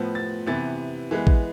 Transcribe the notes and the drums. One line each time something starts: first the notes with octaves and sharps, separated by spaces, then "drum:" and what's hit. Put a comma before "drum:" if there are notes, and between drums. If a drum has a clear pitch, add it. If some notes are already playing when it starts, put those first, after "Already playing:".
Already playing: A2 F3 B3
A6
C3 E3 B3 A6
E3 G#3 B3
drum: kick